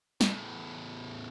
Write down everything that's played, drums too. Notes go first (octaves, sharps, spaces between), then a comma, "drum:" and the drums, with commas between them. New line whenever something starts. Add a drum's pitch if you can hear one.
E2 A2, drum: snare